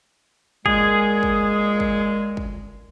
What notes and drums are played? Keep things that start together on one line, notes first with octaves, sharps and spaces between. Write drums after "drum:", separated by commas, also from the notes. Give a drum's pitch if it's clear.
A#2 G#3 G#4, drum: kick
drum: kick
drum: kick
drum: kick